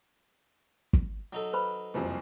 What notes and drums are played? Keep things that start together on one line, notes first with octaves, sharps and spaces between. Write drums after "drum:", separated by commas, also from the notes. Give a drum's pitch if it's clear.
drum: kick
F#3 D#4 A4
B4 C5 B5
F#1 C2 F2